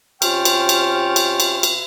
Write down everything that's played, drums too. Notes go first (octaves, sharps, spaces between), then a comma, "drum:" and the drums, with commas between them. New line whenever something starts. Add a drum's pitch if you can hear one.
C3 C#4 F4 G5 C#6 F6, drum: cymbal
drum: cymbal
drum: cymbal
drum: cymbal
drum: cymbal
drum: cymbal